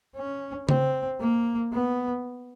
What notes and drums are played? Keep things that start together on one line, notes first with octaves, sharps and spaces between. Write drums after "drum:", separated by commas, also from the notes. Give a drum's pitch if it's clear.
C#4
C4, drum: tom C#3
A#3
B3